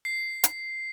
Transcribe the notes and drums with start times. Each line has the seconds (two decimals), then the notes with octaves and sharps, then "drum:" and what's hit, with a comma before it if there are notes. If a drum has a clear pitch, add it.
0.05 C7
0.44 drum: hi-hat